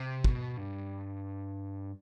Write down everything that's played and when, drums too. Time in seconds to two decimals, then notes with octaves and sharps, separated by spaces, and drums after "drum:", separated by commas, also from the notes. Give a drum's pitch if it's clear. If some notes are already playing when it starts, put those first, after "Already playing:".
Already playing: C3
0.24 B2, drum: kick
0.57 G2